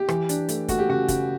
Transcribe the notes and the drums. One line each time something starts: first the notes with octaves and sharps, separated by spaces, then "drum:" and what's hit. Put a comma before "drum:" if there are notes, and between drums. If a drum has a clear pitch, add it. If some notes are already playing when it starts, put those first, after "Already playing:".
Already playing: G4
E3, drum: rim click
D4, drum: hi-hat
A3, drum: hi-hat
A3 F#4, drum: kick, hi-hat
G4
C#3 F#4
C#3, drum: kick, hi-hat